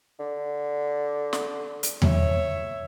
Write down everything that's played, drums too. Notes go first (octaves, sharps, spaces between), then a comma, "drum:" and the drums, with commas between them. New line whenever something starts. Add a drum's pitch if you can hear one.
D3
drum: snare
drum: hi-hat
C#5 E5, drum: tom E2